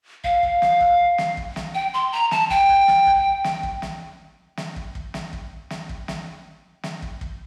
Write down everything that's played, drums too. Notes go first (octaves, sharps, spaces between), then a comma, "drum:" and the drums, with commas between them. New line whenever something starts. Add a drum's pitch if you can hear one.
F5, drum: kick
drum: kick
drum: snare
drum: kick
drum: snare
drum: kick
drum: snare
G5
C6
A#5
A5, drum: snare
G5, drum: kick
drum: kick
drum: snare
drum: kick
drum: snare
drum: kick
drum: snare
drum: snare
drum: kick
drum: kick
drum: snare
drum: kick
drum: snare
drum: kick
drum: snare
drum: snare
drum: kick
drum: kick